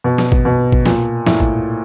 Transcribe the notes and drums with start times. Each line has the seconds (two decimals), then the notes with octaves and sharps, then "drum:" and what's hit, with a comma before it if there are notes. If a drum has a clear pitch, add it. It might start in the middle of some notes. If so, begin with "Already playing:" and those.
0.04 B2
0.18 drum: snare
0.32 drum: kick
0.45 B2
0.72 drum: kick
0.86 A#2, drum: snare
1.26 A2, drum: snare
1.40 drum: kick